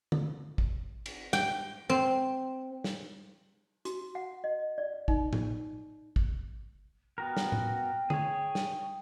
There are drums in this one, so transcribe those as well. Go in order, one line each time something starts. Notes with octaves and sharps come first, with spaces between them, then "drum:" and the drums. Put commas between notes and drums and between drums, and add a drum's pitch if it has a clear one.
drum: tom
drum: kick
drum: cymbal
G5, drum: snare
C4
drum: snare
F#4, drum: hi-hat
F#5
D#5
D5
D#4, drum: kick
drum: tom A2
drum: kick
B3 F#4 A#4 G5
drum: snare
drum: tom A2
G#4 C#5, drum: tom
drum: snare